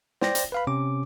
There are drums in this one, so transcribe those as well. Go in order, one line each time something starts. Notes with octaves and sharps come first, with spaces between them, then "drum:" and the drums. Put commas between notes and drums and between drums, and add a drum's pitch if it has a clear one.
C5 D5 G5 A#6, drum: snare
drum: hi-hat
B4 F5 B5
C3 C#4 D6